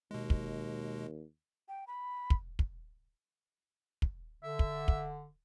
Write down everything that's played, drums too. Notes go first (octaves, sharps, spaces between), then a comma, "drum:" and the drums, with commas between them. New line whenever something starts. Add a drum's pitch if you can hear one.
D#2 B2 G#3
drum: kick
G5
B5
drum: kick
drum: kick
drum: kick
D3 E5
drum: kick
drum: kick